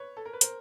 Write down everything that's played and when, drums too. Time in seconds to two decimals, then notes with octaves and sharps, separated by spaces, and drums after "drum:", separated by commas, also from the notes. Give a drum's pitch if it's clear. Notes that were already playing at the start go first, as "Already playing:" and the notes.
Already playing: B4 C#5
0.17 A4
0.25 A#4
0.33 B4
0.41 A#4 C5, drum: hi-hat